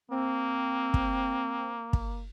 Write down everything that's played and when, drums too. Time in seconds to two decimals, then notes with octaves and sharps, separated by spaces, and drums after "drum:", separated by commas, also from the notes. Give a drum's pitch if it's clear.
0.11 A#3 C4
0.94 drum: kick
1.93 drum: kick